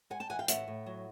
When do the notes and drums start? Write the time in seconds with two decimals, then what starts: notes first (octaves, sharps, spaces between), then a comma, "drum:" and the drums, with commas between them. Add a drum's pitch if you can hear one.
0.10 G#3 F#5 G#5
0.20 G5 A5
0.29 E3 F#5 G#5
0.39 F5 G5
0.48 A2 E5 F#5, drum: hi-hat
0.68 A2
0.86 F#3